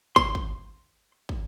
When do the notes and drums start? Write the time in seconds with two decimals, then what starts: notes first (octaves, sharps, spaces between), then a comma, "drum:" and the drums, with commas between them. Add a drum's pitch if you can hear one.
0.16 C6, drum: kick
0.35 drum: kick
1.29 drum: kick